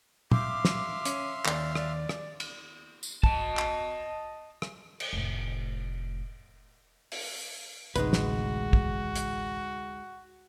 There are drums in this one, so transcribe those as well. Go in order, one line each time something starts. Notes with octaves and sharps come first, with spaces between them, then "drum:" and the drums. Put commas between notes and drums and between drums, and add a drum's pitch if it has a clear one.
E5 F5 C6 D6, drum: tom
drum: snare
C#4, drum: hi-hat
D#2 D5, drum: clap
D5, drum: rim click
drum: rim click
drum: cymbal
drum: tambourine
D#5 A5, drum: kick
drum: clap
drum: rim click
drum: cymbal
F1 A2
drum: open hi-hat
A1 D2 C3 G#3 D#4 F#4 B4, drum: hi-hat
drum: snare
drum: kick
drum: hi-hat